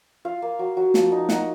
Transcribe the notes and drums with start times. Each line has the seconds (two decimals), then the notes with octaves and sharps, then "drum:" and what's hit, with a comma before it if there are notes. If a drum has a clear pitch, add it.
0.25 F4 F5
0.42 A#3
0.59 F#3
0.77 F#3
0.94 F3, drum: snare
1.12 D#4
1.29 D#4 F#5, drum: snare